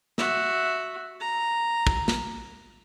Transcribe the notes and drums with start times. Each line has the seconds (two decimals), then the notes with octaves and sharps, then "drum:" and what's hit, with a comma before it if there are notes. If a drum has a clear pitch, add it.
0.18 F#4 E5, drum: snare
1.20 A#5
1.87 drum: kick
2.08 drum: snare